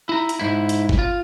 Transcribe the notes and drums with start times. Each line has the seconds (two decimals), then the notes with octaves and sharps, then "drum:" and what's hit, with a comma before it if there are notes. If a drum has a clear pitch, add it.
0.09 E4 A#5
0.29 drum: hi-hat
0.39 G#2 E4
0.69 drum: hi-hat
0.89 drum: kick
0.99 F4